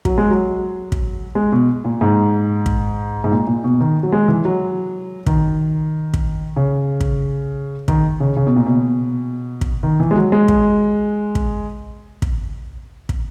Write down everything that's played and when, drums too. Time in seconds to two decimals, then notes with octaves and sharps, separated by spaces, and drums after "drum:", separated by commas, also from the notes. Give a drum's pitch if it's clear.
0.05 F#3, drum: kick
0.18 G#3
0.31 F#3
0.92 drum: kick
1.35 G#3
1.52 B2
1.85 A#2
2.01 G#2
2.66 drum: kick
3.24 G#2
3.32 A#2
3.47 A#2
3.64 B2
3.80 D#3
4.03 F#3
4.12 G#3
4.28 E3
4.45 F#3
5.26 D#3, drum: kick
6.14 drum: kick
6.56 C#3
7.00 drum: kick
7.88 D#3, drum: kick
8.20 C#3
8.37 C#3
8.47 B2
8.56 A#2
8.66 B2
9.61 drum: kick
9.83 D#3
10.00 E3
10.11 G#3
10.16 F#3
10.32 G#3
10.48 drum: kick
11.35 drum: kick
12.22 drum: kick
13.09 drum: kick